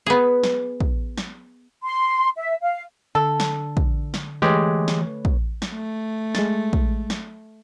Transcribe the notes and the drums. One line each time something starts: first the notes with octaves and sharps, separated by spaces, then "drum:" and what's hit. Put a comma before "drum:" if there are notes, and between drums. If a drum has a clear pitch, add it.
B3 G#4
drum: snare
drum: kick
drum: snare
C6
E5
F5
D3 A4
drum: snare
drum: kick
drum: snare
E3 G#3 A3 G4 B4 C#5
drum: snare
drum: kick
drum: snare
A3
G#3 A6, drum: snare
drum: kick
drum: snare